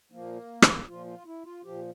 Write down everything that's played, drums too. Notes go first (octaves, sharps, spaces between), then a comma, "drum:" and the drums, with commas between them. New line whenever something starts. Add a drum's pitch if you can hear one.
A#2 F3 A#3
drum: rim click
A#2 F3 F4
F4
E4
F4
A#2 F3 G4